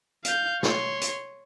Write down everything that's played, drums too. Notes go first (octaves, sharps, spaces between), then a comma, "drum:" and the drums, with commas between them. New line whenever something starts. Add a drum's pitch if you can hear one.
F5 G6, drum: hi-hat
C#5 C6, drum: snare
drum: hi-hat